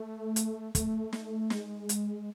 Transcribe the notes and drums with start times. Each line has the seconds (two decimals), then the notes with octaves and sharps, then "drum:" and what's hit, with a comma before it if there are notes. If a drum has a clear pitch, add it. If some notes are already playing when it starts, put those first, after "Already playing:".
Already playing: A3
0.36 drum: hi-hat
0.75 A3, drum: kick, hi-hat
1.13 drum: snare
1.50 G#3, drum: snare
1.89 drum: hi-hat